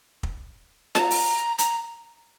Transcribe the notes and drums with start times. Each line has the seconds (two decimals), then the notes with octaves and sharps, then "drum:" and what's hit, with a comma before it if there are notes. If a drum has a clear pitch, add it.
0.23 drum: kick
0.95 A5, drum: snare F4
0.99 A#5
1.11 drum: open hi-hat
1.58 A#5, drum: hi-hat